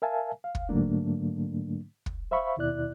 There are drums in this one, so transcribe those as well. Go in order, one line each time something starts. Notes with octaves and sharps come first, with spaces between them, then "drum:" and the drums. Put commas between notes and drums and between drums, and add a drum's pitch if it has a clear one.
A#4 E5 F5 G#5 A5
F5
drum: kick
G#2 D3 F#3 A3 A#3 D4
drum: kick
C5 E5 F5 B5 C#6
D#2 B2 E4 D5 F#6